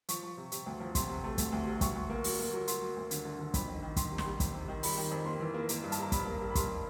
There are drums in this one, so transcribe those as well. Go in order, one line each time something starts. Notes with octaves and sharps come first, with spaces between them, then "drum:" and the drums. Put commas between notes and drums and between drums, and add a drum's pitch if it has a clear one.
F3 C#6, drum: hi-hat
F3
C3
C3, drum: hi-hat
D2
F3
C3 C6, drum: kick, hi-hat
C3
A3
D2, drum: kick, hi-hat
D2
C3
D2 C#6, drum: kick, hi-hat
D2
A#3
F#3, drum: open hi-hat
A#3
F#3
F#3 C6, drum: hi-hat
F#3
D2
D3, drum: hi-hat
D3
D3
F2 B5, drum: kick, hi-hat
D#3
D#3
D#3 C6, drum: kick, hi-hat
C3
C6, drum: snare
G3
C3, drum: kick, hi-hat
C3
D#3
G3 B5, drum: open hi-hat
D#3
F2
A#3 C6
E3
A#3
A#3, drum: hi-hat
G2
A5, drum: hi-hat
G3 A#5
G2 B5, drum: kick, hi-hat
A#3
G3
B5
G3 C6, drum: kick, hi-hat